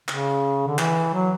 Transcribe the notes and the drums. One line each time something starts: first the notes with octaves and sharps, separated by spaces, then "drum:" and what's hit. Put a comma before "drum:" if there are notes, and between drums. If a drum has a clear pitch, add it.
C#3, drum: clap
D3
E3, drum: clap
F#3